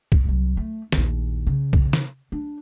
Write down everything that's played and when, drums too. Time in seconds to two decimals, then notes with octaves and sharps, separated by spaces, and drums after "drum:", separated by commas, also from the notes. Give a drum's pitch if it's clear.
0.12 drum: kick
0.24 C2 F#3
0.57 A3
0.92 A#1 D#2, drum: snare
1.47 C#3
1.73 drum: kick
1.93 drum: snare
2.32 D4